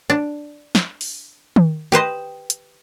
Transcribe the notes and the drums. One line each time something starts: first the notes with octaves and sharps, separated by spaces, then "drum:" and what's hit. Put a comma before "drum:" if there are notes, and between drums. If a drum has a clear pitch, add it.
D4
drum: snare
drum: open hi-hat
drum: tom D#3
G4 B4 C5 D#5
drum: hi-hat